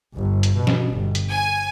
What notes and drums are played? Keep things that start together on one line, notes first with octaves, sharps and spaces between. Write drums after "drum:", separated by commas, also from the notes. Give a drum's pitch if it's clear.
G1
drum: hi-hat
B2
drum: snare
G1
drum: hi-hat
G#5